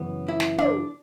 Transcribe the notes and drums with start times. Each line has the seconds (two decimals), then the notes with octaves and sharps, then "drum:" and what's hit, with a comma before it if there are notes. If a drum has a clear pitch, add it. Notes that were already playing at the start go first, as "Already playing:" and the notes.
Already playing: F#2 C#3 E3 B3
0.28 E4
0.40 drum: snare
0.58 D4, drum: tom